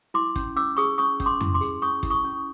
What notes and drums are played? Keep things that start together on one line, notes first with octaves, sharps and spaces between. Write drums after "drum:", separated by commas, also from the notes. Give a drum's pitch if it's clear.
E4 C6 D6
C#4, drum: kick, hi-hat
C#4 D6 E6
G#4 C#6 D#6, drum: hi-hat
C#4 C#6 D#6
C#4, drum: kick, hi-hat
C6 D6
E4, drum: tom F2
C6 D6
G#4, drum: hi-hat
C#4 C#6 D#6
E4, drum: kick, hi-hat
C#6 D#6
C#4